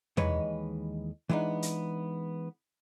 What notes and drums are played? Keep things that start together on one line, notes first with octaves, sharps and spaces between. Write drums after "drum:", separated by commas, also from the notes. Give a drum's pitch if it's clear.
D#2 E3 G#3 D#4 B4 C#5, drum: tom
E3 G#3 B3 D4 D#4
drum: hi-hat